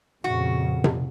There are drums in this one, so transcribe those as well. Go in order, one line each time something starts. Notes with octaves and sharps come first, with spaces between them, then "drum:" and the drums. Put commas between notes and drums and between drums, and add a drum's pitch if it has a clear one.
F2 A#2 C#3 F#4
drum: tom C3